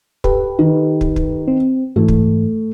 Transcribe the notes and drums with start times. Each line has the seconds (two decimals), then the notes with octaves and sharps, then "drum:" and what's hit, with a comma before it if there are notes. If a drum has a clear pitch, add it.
0.24 G4 A4 B4, drum: kick
0.59 D#3
1.01 drum: kick
1.16 drum: kick
1.48 C4
1.96 G#2 E3 A3
2.08 drum: kick